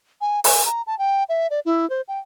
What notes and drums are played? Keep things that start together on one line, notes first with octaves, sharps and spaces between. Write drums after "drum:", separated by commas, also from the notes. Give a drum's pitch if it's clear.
G#5
G#5, drum: open hi-hat
A#5
A5
G5
E5
D5
E4
C5
G5